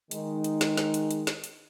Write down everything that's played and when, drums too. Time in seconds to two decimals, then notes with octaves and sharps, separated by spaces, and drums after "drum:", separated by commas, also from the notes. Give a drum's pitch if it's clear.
0.11 D#3 G#3 D#4, drum: hi-hat
0.44 drum: hi-hat
0.61 drum: snare
0.77 drum: snare
0.94 drum: hi-hat
1.11 drum: hi-hat
1.27 drum: snare
1.44 drum: hi-hat